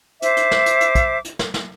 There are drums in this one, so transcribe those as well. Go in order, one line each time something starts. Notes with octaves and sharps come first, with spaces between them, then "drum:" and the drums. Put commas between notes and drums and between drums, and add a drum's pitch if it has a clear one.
C5 E5 D6, drum: hi-hat
drum: hi-hat
drum: snare
drum: hi-hat
drum: hi-hat
drum: kick, hi-hat
drum: hi-hat
drum: snare
drum: snare